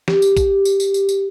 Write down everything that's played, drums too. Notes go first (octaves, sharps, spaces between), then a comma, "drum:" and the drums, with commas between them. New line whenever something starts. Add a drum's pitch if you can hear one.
G4, drum: snare
drum: tambourine
drum: kick, tambourine
drum: tambourine
drum: tambourine
drum: tambourine
drum: tambourine